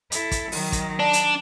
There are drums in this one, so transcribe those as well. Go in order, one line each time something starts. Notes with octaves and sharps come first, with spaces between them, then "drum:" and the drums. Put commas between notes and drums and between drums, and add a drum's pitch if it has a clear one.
E4 A4, drum: hi-hat
drum: kick, hi-hat
D#3 F#3, drum: open hi-hat
drum: kick, hi-hat
D4
drum: hi-hat